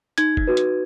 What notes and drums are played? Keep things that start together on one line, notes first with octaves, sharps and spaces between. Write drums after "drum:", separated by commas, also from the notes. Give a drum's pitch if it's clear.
D#4 G#6, drum: hi-hat
drum: kick F#1
F#4 B4
drum: hi-hat